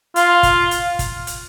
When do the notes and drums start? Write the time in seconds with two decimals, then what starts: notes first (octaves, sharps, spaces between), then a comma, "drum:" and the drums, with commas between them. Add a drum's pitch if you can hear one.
0.16 F4, drum: hi-hat
0.43 drum: kick, hi-hat
0.71 drum: hi-hat
0.99 drum: kick, hi-hat
1.27 drum: hi-hat